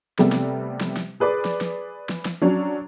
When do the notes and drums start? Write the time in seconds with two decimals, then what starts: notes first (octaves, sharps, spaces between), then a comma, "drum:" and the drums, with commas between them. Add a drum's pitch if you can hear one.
0.19 C3 G3 A3 B3, drum: snare
0.32 drum: snare
0.81 drum: snare
0.97 drum: snare
1.20 G#4 B4 D5 D6
1.45 drum: snare
1.61 drum: snare
2.09 drum: snare
2.25 drum: snare
2.42 F#3 C#4 D4